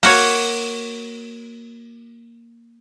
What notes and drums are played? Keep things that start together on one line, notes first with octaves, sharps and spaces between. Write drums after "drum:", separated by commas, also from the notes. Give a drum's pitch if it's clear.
A#3 F#4 C#5, drum: open hi-hat